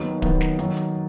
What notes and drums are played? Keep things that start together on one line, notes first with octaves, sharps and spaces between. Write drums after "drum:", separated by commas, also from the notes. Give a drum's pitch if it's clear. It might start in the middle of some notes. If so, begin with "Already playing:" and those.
Already playing: D#2 D#3 F#3 B3 D#4
D#2 D#3 F#3 B3 D#4, drum: kick D1, hi-hat
drum: snare
D#3 F#3 A#3, drum: hi-hat
drum: hi-hat